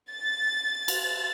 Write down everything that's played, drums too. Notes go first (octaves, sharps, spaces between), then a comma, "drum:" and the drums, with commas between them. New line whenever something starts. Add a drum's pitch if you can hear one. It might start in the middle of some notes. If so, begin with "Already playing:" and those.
A6
drum: cymbal